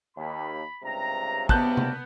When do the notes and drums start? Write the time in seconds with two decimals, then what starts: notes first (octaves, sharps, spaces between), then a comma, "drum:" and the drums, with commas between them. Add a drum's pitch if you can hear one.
0.16 D#2 B5
0.84 C#2 G2 C3 A#5
1.49 B3 F#4 A#4 D5 A5 F#6 G6, drum: kick
1.77 drum: tom C3